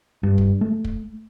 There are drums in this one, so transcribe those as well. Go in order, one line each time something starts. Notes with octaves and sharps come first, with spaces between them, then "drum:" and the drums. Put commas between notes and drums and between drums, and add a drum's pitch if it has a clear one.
G2
drum: kick
A3
drum: kick